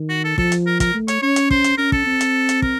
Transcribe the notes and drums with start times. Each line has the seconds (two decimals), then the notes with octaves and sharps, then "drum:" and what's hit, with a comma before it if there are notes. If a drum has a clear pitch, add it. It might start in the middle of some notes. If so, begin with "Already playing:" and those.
Already playing: D#3
0.09 F#4
0.24 A4
0.38 F3 A4, drum: kick
0.52 drum: hi-hat
0.66 A#4
0.80 A#4, drum: kick, hi-hat
0.94 A3
1.08 C#5, drum: hi-hat
1.22 C#4 C#5
1.36 drum: hi-hat
1.51 C5, drum: kick
1.64 drum: hi-hat
1.78 C#4 A#4
1.92 A4, drum: kick
2.06 C4
2.21 drum: hi-hat
2.49 drum: hi-hat
2.62 A#4, drum: kick